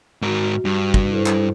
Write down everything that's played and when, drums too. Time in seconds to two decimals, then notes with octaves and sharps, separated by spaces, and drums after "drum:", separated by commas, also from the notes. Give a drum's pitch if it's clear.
0.22 G#2 F#4 A#4
0.65 G2
0.94 drum: kick
1.10 E4 A4 C5
1.26 drum: clap